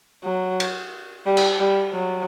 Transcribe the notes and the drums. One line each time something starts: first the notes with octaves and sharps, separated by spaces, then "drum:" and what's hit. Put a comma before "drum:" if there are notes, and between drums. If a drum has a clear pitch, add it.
F#3
drum: cymbal
G3
drum: cymbal
G3
F#3